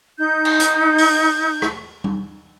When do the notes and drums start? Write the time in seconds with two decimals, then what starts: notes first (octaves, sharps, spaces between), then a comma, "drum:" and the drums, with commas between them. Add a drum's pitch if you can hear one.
0.18 D#4 G6
0.45 drum: cymbal
0.60 drum: hi-hat
0.98 drum: open hi-hat
1.62 drum: rim click
2.04 drum: tom G3